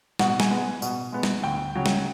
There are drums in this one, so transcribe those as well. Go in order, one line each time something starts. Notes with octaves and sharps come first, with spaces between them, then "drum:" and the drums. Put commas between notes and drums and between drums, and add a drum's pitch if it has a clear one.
B2 F#5, drum: snare
G#5, drum: snare
G#3 B3
B2, drum: tambourine
G#3 B3
drum: snare
D2 G5
C#3 F#3
drum: snare